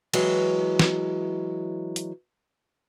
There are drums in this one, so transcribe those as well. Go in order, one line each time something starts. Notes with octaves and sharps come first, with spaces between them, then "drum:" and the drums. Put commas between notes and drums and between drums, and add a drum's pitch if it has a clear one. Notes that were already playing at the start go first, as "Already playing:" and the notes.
E3 F#3 G#3, drum: cymbal
drum: snare
drum: hi-hat